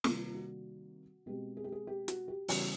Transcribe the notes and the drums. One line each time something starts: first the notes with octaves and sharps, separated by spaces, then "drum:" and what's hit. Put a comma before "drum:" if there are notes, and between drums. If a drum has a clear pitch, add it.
C3 D#3 G3 A#3 F4, drum: snare
F4
F#4
B2 G#3 C4 G4
G#4
G4
G#4
G4
F#4, drum: hi-hat
G4
C#3 E3 G3 B3 F#4, drum: open hi-hat